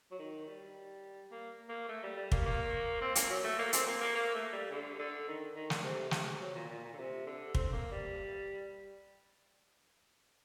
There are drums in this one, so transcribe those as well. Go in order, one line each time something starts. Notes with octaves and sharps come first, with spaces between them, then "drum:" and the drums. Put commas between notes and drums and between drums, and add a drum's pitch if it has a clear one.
F#3
D#3
G3
A#3
A#3
A3
G3
G3
A#3, drum: kick
A#3
C4
A#3, drum: hi-hat
F#3
A3
A#3
C4, drum: hi-hat
A#3
A#3
A#3
A3
G3
D3
D3
D#3
D#3
D3, drum: snare
C3
drum: snare
F#3
A#2
A#2
A#2
D3
C3
D3
C4, drum: kick
A#3
G3